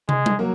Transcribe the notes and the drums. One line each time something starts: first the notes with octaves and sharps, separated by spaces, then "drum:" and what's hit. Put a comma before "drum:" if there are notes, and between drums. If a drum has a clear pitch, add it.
G#3, drum: tom
drum: tom G3
F#3 A#3